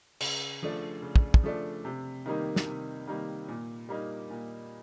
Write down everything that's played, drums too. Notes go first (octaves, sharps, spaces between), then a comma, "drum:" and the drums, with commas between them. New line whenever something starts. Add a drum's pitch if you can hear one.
C#3, drum: cymbal
F3 A3 D4
C#3
drum: kick
drum: kick
F3 A3 D4
C3
D#3 G3 A#3 D#4
drum: snare
C3
D#3 G3 A#3 D#4
A#2
G3 A#3 D#4
A#2